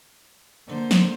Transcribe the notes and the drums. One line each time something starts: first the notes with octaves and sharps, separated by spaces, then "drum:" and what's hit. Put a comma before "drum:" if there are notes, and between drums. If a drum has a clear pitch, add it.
D3 A#3 C5
drum: snare